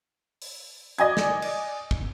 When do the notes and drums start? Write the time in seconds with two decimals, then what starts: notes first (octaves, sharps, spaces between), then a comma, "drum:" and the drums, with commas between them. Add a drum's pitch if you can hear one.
0.42 drum: open hi-hat
0.98 D5 D#5 G#5 G#6, drum: hi-hat
1.17 drum: snare
1.42 drum: cymbal
1.91 drum: kick